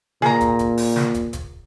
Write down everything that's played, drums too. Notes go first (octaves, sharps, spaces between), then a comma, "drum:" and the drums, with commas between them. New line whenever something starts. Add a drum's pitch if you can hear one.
A#2 G#4 A#5, drum: snare
drum: kick, hi-hat
drum: kick, hi-hat
drum: open hi-hat
drum: snare
drum: kick, hi-hat
drum: kick, hi-hat